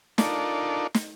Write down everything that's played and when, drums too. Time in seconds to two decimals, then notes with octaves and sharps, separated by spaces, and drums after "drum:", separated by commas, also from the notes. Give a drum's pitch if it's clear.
0.18 D4 D#4 F4 A4 A#4 D5, drum: snare
0.94 drum: snare